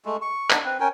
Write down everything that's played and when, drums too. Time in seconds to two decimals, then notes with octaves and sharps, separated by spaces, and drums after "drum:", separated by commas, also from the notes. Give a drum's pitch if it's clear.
0.05 G#3 A3
0.22 C#6
0.50 B3 D4 D#4, drum: clap
0.64 C4 B4
0.80 C#4 A#4 G5 G#5